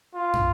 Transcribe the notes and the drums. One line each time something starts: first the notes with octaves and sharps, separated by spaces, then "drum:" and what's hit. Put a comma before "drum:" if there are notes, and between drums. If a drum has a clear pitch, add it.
F4
drum: tom